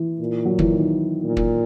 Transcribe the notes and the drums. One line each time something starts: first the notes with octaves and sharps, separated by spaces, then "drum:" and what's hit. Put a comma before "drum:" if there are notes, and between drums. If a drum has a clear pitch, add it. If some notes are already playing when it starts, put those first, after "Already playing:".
Already playing: E3
A#2
F#3
E3, drum: kick
D#3
A#2
drum: kick